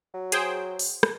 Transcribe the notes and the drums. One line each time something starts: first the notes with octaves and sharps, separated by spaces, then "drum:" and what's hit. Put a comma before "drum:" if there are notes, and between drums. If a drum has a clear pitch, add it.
F#3
G#4 C5 G5, drum: hi-hat
drum: open hi-hat
drum: rim click